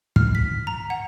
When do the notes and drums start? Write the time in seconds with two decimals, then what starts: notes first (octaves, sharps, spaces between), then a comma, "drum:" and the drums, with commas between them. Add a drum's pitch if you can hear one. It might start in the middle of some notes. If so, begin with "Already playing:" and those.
0.16 F6, drum: kick
0.35 B6
0.67 A#5
0.90 F#5